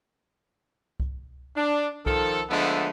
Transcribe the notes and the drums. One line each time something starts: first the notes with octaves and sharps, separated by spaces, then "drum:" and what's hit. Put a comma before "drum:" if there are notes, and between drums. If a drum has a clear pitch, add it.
drum: kick C2
D4
D#3 F3 A4, drum: kick C2
D3 F3 G#3 A3 B3